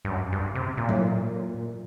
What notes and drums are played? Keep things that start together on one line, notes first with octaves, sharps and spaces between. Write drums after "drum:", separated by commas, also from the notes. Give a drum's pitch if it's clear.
G2
F#2
G2
C3
A#2
A2, drum: tom F#3
A#2